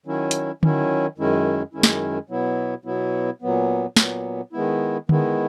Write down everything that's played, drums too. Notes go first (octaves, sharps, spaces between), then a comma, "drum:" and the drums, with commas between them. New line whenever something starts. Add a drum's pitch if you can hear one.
D#3 F#3 C#4 E4
drum: hi-hat
D#3 F#3 C#4 E4, drum: tom D3
F#2 D#3 G#3 C#4 E4
F#2 D#3 G#3 C#4 E4
drum: snare
B2 F#3 B3 E4
B2 F#3 B3 E4
A#2 F#3 B3
A#2 F#3 B3, drum: snare
D#3 G#3 B3 E4
D#3 G#3 B3 E4, drum: tom D3